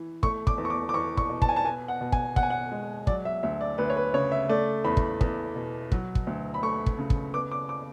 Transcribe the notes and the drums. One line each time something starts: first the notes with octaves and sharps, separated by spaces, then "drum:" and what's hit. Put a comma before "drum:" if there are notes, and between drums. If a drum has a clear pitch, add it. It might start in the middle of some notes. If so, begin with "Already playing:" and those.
Already playing: E3
A3 C#6, drum: kick
D6, drum: kick
E2
C#6
D6
D6
E2 C#6
C#6, drum: kick
B2
A5, drum: kick
G#5
A5
B3 G#5
F#5
B2
G#5, drum: kick
B2 F#5, drum: kick
G#5
F#5
G#3
F#3 D5, drum: kick
E5
D2 E5
D5
D2 B4
C#5
B4
C#3 C#5
E5
A3 D5
E2 B5
drum: kick
E2, drum: kick
B2
F#3, drum: kick
drum: kick
D2
B5
A3 C#6
drum: kick
C#3
drum: kick
B3 D6
D6
D6